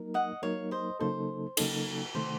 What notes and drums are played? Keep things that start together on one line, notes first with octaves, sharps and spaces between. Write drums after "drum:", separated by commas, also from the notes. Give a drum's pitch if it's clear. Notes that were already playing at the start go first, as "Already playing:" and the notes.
Already playing: F#3 A#3 D#4 A#4
D#5 F#5
F#3 A#3 D#4 A#4 C#5 F5
C5 D#5
C#3 F#3 A#3 D#4 A4 C5
C#3 F#3 A#3 D#4 A4 A#4, drum: cymbal
C3 D#3 A3 C5